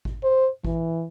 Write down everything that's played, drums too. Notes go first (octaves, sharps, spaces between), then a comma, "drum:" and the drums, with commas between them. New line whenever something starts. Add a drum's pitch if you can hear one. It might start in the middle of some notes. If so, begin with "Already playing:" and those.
drum: kick G#1
C5
E3, drum: kick G#1